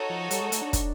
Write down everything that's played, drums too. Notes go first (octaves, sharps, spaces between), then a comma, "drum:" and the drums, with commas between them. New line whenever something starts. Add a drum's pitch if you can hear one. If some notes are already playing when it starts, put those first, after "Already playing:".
Already playing: D#4 F#4 A4 C#5
F3
G3, drum: hi-hat
G#3
A3, drum: hi-hat
D4
drum: kick, hi-hat